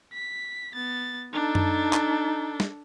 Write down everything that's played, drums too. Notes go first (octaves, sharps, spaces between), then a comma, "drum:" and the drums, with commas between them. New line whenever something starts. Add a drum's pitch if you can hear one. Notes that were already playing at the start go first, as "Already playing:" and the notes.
B6
B3 A6
D4 D#4 A4
drum: tom F#2
drum: clap
drum: snare